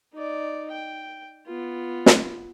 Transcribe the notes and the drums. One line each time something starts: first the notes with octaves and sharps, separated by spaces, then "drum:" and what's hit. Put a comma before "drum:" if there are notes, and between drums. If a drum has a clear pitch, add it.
D#4 D5
G5
B3 F4
drum: snare